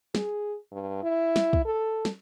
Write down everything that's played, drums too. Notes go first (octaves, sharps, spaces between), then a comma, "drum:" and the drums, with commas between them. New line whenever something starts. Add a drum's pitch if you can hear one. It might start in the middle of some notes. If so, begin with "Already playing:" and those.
G#4, drum: snare
G2
E4
drum: snare
drum: kick
A4
drum: snare